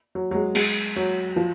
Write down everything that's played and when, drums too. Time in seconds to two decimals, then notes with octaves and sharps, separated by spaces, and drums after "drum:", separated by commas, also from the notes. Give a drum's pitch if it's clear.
0.15 F#3
0.31 F#3
0.35 G#3
0.55 G#3, drum: cymbal
0.96 F#3
1.36 F3